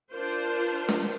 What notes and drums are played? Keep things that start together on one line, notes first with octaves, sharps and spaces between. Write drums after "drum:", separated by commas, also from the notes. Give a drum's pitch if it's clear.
D4 F4 A#4 C5
drum: snare